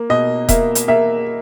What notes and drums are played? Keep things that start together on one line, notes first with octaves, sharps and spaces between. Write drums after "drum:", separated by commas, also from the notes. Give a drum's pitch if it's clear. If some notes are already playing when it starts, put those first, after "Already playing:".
Already playing: A#3
B2 D#5
A#3 E5, drum: kick D#1, hi-hat
drum: hi-hat
A#3 E5